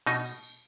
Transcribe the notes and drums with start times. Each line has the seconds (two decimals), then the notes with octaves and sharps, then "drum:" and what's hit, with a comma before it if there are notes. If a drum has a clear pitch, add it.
0.06 B2 D#4, drum: tambourine
0.25 drum: tambourine
0.43 drum: tambourine